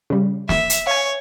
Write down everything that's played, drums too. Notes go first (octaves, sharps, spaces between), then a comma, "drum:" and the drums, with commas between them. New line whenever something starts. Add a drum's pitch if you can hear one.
C#3 G3
E5, drum: snare
drum: hi-hat
C#5 F5 G#5